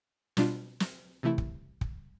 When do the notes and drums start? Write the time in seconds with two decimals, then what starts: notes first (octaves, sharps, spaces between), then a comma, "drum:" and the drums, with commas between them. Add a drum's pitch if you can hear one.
0.37 B2 G3 D4 F4, drum: snare
0.80 drum: snare
1.23 C3 E3 A3 E4
1.38 drum: kick
1.81 drum: kick